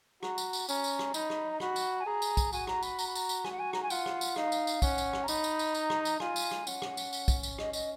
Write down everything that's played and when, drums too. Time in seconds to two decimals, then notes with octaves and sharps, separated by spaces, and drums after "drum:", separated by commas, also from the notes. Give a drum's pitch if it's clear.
0.23 F#4 A#5, drum: rim click
0.38 drum: tambourine
0.53 drum: tambourine
0.69 C#4 A#5, drum: tambourine
0.84 drum: tambourine
0.99 drum: rim click
1.14 D#4 B5, drum: tambourine
1.30 drum: rim click
1.52 A#5
1.60 F#4 B5, drum: rim click
1.76 drum: tambourine
2.00 G#5
2.06 G#4 A#5
2.22 drum: tambourine
2.37 drum: kick, tambourine
2.53 F#4 G#5, drum: tambourine
2.67 A#5, drum: rim click
2.83 B5, drum: tambourine
2.99 A#5, drum: tambourine
3.07 B5
3.15 A#5, drum: tambourine
3.29 drum: tambourine
3.44 G#5, drum: rim click
3.52 F#5
3.59 G#5
3.73 A#5, drum: rim click
3.83 G#5
3.90 F4 F#5, drum: tambourine
4.06 drum: rim click
4.21 drum: tambourine
4.36 D#4 F5, drum: rim click
4.52 drum: tambourine
4.67 drum: tambourine
4.82 C#4 F#5, drum: kick, tambourine
4.98 drum: tambourine
5.13 drum: rim click
5.23 A#5
5.28 D#4 B5, drum: tambourine
5.44 drum: tambourine
5.59 drum: tambourine
5.75 A#5, drum: tambourine
5.90 drum: rim click
6.05 drum: tambourine
6.20 F4 G#5, drum: rim click
6.36 drum: tambourine
6.51 drum: rim click
6.67 C#4 F#5, drum: tambourine
6.82 drum: rim click
6.97 drum: tambourine
7.13 drum: tambourine
7.28 drum: kick, tambourine
7.43 drum: tambourine
7.58 D#5, drum: rim click
7.73 D#5, drum: tambourine